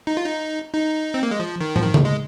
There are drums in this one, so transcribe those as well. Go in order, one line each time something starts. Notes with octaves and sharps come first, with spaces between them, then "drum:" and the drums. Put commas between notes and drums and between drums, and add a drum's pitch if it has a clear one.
D#4
F4
D#4
D#4
C4
A#3
G#3
F3
D#3
F3, drum: tom
D#3
drum: tom C#3
G#3